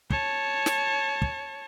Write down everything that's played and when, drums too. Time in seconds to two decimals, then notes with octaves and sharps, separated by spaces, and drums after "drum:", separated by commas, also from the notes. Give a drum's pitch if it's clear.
0.10 C#5 A5, drum: kick
0.66 drum: snare
1.22 drum: kick